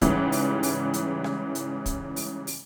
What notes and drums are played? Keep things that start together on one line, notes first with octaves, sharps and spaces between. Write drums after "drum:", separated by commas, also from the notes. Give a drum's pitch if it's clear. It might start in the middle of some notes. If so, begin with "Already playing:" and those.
G#2 C#3 E3 G3, drum: kick, hi-hat
drum: open hi-hat
drum: open hi-hat
drum: hi-hat
drum: rim click
drum: hi-hat
drum: kick, hi-hat
drum: open hi-hat
drum: open hi-hat